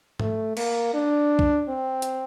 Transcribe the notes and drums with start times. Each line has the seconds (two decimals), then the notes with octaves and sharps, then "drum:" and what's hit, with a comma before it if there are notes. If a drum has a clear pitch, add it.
0.20 A3, drum: tom G#2
0.57 A#3, drum: cymbal
0.94 D4
1.39 drum: kick
1.69 C4
2.02 drum: hi-hat